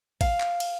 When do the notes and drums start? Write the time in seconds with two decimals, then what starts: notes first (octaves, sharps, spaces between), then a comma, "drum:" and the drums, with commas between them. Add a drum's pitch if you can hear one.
0.21 F5, drum: kick, cymbal
0.40 drum: clap
0.60 drum: cymbal